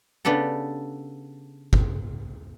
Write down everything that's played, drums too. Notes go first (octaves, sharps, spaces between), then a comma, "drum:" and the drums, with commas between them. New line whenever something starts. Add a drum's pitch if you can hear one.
C#3 B3 D4 G4 A4
drum: kick